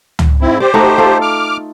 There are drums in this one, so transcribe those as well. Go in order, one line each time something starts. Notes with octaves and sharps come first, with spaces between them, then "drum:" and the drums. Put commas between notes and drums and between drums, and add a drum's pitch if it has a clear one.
drum: tom C#2
G#2 C4 E4
G4 C5 D5
A3 D#4 F#4
F4 A4
D6 F6